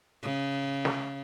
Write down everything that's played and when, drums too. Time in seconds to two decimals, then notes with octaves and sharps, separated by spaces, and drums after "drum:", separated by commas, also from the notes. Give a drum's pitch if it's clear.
0.23 C#3
0.85 drum: snare